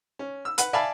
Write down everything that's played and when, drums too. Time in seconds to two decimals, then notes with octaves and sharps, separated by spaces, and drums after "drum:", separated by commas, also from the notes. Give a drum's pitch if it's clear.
0.19 C#4
0.45 E6
0.58 B4 F#5, drum: hi-hat
0.73 D5 E5 F5 G#5 A5 B5